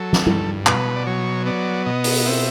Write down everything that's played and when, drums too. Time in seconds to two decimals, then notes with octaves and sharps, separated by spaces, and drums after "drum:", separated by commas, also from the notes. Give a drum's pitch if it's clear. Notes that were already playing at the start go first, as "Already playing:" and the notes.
Already playing: F#3 A4
0.13 drum: snare
0.27 G2, drum: tom G3
0.66 B2 B4, drum: clap
0.96 D5
1.07 F#3 C#5
1.46 B3 D5
1.86 B2 D#5
2.04 drum: open hi-hat
2.19 D#5
2.26 C4 E5